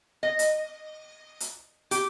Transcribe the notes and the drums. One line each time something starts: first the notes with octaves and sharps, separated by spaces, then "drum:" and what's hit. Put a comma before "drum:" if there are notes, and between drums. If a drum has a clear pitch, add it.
D#5
drum: hi-hat
drum: hi-hat
G4, drum: hi-hat